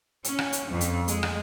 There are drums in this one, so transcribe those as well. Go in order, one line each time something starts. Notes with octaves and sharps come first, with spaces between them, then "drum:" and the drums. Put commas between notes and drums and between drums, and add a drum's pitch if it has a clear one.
C#4, drum: hi-hat
drum: rim click
drum: hi-hat
F2
drum: hi-hat
G#3, drum: hi-hat
drum: rim click